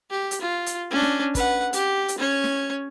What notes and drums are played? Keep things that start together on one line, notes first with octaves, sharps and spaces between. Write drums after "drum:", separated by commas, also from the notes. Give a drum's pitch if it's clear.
G4
drum: hi-hat
F4
drum: hi-hat
C#4 D4
drum: snare
B4 F#5, drum: kick, hi-hat
G4, drum: hi-hat
drum: hi-hat
C#4 C#5
drum: snare